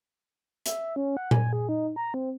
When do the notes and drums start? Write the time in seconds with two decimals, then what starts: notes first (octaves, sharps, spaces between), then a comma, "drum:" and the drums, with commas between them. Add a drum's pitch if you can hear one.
0.66 E5, drum: hi-hat
0.96 C#4
1.17 F#5
1.31 G#5, drum: tom A#2
1.53 G#4
1.69 D#4
1.96 A#5
2.14 C4